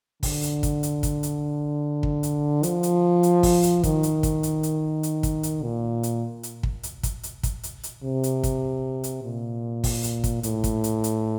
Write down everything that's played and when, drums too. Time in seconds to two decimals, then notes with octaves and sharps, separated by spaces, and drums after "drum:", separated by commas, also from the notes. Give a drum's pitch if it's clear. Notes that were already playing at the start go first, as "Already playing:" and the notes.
0.23 D3, drum: kick, open hi-hat
0.43 drum: hi-hat
0.63 drum: kick, hi-hat
0.83 drum: hi-hat
1.03 drum: kick, hi-hat
1.23 drum: hi-hat
2.03 drum: kick
2.23 drum: hi-hat
2.63 F3, drum: hi-hat
2.83 drum: hi-hat
3.23 drum: hi-hat
3.43 drum: kick, open hi-hat
3.63 drum: hi-hat
3.83 D#3, drum: kick, hi-hat
4.03 drum: hi-hat
4.23 drum: kick, hi-hat
4.43 drum: hi-hat
4.63 drum: hi-hat
5.03 drum: hi-hat
5.23 drum: kick, hi-hat
5.43 drum: hi-hat
5.63 A#2
6.03 drum: hi-hat
6.43 drum: hi-hat
6.63 drum: kick
6.83 drum: hi-hat
7.03 drum: kick, hi-hat
7.23 drum: hi-hat
7.43 drum: kick, hi-hat
7.63 drum: hi-hat
7.83 drum: hi-hat
8.03 C3
8.23 drum: hi-hat
8.43 drum: kick, hi-hat
9.04 drum: hi-hat
9.23 A#2
9.84 drum: kick, open hi-hat
10.04 drum: hi-hat
10.24 drum: kick, hi-hat
10.43 A2, drum: hi-hat
10.64 drum: kick, hi-hat
10.84 drum: hi-hat
11.04 drum: hi-hat